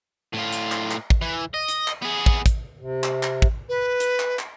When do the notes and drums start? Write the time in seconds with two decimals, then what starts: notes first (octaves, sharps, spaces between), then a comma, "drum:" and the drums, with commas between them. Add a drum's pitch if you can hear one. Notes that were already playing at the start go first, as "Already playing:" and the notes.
0.33 A2 F4
0.52 drum: hi-hat
0.72 drum: clap
0.91 drum: clap
1.10 drum: kick
1.22 E3
1.54 D#5
1.68 drum: hi-hat
1.88 drum: clap
2.02 B3 G#4
2.26 drum: kick
2.46 drum: kick, hi-hat
2.80 C3
3.04 drum: clap
3.23 drum: clap
3.42 drum: kick
3.69 B4
4.00 drum: hi-hat
4.20 drum: clap
4.39 drum: clap